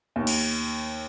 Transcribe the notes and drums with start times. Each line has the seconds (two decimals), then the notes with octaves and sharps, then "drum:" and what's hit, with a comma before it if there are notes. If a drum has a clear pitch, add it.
0.16 D#2
0.27 drum: cymbal